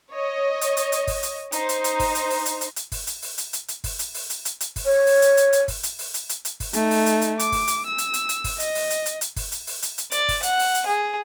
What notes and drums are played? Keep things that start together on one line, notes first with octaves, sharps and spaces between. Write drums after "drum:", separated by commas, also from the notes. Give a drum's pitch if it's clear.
C#5 D#5
drum: hi-hat
drum: hi-hat
drum: hi-hat
drum: kick G1, open hi-hat
drum: hi-hat
D#4 C5, drum: hi-hat
drum: hi-hat
drum: hi-hat
drum: kick G1, open hi-hat
drum: hi-hat
drum: open hi-hat
drum: hi-hat
drum: hi-hat
drum: hi-hat
drum: kick G1, open hi-hat
drum: hi-hat
drum: open hi-hat
drum: hi-hat
drum: hi-hat
drum: hi-hat
drum: kick G1, open hi-hat
drum: hi-hat
drum: open hi-hat
drum: hi-hat
drum: hi-hat
drum: hi-hat
drum: kick G1, open hi-hat
C#5
drum: open hi-hat
drum: hi-hat
drum: hi-hat
drum: hi-hat
drum: kick G1, open hi-hat
drum: hi-hat
drum: open hi-hat
drum: hi-hat
drum: hi-hat
drum: hi-hat
drum: kick G1, open hi-hat
A3 D#4, drum: hi-hat
drum: open hi-hat
drum: hi-hat
drum: hi-hat
D6, drum: hi-hat
drum: kick G1, open hi-hat
drum: hi-hat
E6
drum: hi-hat
drum: hi-hat
drum: hi-hat
drum: kick G1, open hi-hat
D#5, drum: hi-hat
drum: open hi-hat
drum: hi-hat
drum: hi-hat
drum: hi-hat
drum: kick G1, open hi-hat
drum: hi-hat
drum: open hi-hat
drum: hi-hat
drum: hi-hat
D5, drum: hi-hat
drum: kick G1, open hi-hat
F#5, drum: hi-hat
drum: open hi-hat
drum: hi-hat
G#4